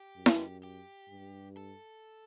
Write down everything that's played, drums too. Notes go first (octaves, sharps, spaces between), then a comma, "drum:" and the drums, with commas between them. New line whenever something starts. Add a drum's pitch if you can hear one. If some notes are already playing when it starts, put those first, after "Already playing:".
Already playing: G4
F#2
drum: snare E4
G4
G2
A4